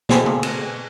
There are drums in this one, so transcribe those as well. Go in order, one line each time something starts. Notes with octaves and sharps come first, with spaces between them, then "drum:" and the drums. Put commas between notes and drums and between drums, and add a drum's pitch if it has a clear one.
B2 A#3 C4 G#4 A4, drum: snare
drum: tom
drum: cymbal